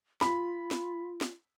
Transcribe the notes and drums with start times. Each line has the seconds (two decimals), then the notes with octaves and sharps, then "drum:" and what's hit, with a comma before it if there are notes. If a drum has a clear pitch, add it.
0.21 F4 B5, drum: snare
0.71 drum: snare
1.21 drum: snare